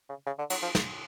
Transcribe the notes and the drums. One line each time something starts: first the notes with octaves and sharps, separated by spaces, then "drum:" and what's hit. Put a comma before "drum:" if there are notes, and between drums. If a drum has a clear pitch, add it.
C#3
C#3
D3
F#3, drum: cymbal
F3
drum: snare